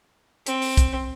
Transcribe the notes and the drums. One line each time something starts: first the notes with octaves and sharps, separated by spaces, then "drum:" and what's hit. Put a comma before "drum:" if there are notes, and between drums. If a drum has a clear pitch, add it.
C4, drum: hi-hat
drum: open hi-hat
drum: kick, hi-hat